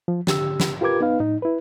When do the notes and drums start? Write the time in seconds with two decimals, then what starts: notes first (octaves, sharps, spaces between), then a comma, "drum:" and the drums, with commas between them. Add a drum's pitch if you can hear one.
0.08 F3
0.27 D3 G4 E6, drum: snare
0.60 drum: snare
0.81 F4 G4 A#4 B4 D6 G#6
1.01 B3 D#4 B4 F5
1.20 A2 D#4
1.42 E4 B4